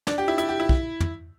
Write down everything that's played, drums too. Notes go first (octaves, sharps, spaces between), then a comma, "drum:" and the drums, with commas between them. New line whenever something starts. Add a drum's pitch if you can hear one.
D4, drum: snare
G4
E4
E4, drum: hi-hat
G4
E4
drum: kick
drum: tom